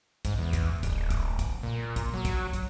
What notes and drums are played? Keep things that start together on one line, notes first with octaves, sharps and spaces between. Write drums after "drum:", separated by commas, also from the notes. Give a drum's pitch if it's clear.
G#2, drum: kick, hi-hat
E2
drum: kick, hi-hat
D1, drum: kick, hi-hat
drum: kick, hi-hat
drum: kick, hi-hat
A#2
drum: kick, hi-hat
F#3
drum: kick, hi-hat
drum: kick, hi-hat